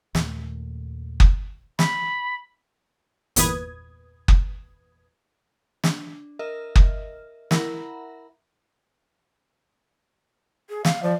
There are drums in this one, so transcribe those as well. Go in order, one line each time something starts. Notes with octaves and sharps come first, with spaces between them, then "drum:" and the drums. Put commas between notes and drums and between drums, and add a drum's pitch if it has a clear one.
D#2 A#2 D#3 A3, drum: snare
drum: kick F#1
B5, drum: snare
G1 E2 A#2 B4 D#6 G#6, drum: hi-hat
drum: kick F#1
D4, drum: snare
A#4 D#5 E5 F6
drum: kick F#1
E4 A#4 E5 F#5 A#5 B5, drum: snare
G#4
F5, drum: snare
F3 D5